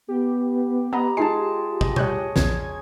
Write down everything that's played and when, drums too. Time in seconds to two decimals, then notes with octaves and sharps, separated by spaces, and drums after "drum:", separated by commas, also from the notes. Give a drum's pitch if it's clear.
0.08 B3 G4
0.93 B3 D#5 A#5 B5
1.17 G#3 D#4 F4 A5 C7
1.81 D#5, drum: kick
1.96 G3 C#5 D#5 F#6 G6, drum: tom B2
2.36 A#1 E2 C#3 G#6, drum: snare